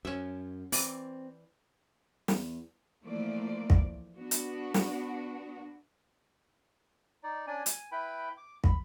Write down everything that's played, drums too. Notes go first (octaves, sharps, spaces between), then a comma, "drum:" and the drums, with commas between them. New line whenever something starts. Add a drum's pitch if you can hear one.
F#2 C#4 E5
E3 C4 D5, drum: open hi-hat
E2, drum: snare
E3 F3 A3 A#3 D5
drum: kick
B3 D4 F#4
drum: hi-hat
drum: snare
D#4 D5
C#4 D4 D5 G#5
G#5, drum: hi-hat
E4 B4 G5 B5
D6
B5, drum: kick